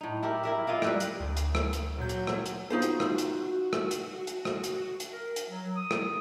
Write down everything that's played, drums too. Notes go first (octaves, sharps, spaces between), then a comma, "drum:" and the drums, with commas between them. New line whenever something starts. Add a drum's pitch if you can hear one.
A2 D#4
E4 G4 A#4
E4 A#4 E5
A#3 E4 F4 D#5
G3 B4 C5, drum: rim click
drum: hi-hat
D2
drum: hi-hat
drum: rim click
drum: hi-hat
A#2 F#3 G6
drum: hi-hat
drum: rim click
drum: hi-hat
D#4 F4 F#4 C5
drum: hi-hat
drum: rim click
drum: hi-hat
drum: rim click
drum: hi-hat
drum: hi-hat
drum: rim click
drum: hi-hat
drum: hi-hat
A#4
drum: hi-hat
F#3
D#6
drum: rim click